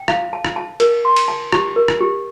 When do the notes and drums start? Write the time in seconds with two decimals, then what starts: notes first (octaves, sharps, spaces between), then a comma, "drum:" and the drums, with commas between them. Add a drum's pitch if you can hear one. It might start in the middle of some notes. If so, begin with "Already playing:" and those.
Already playing: G5
0.08 F5, drum: rim click
0.33 A5
0.45 drum: rim click
0.56 A5
0.80 A#4, drum: cymbal
1.05 C6
1.16 drum: cymbal
1.28 A5
1.52 G4, drum: rim click
1.76 A#4
1.88 drum: rim click
2.00 G4